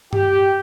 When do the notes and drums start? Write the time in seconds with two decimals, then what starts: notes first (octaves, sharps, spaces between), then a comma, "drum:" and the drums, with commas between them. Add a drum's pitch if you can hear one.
0.13 G4, drum: tom G2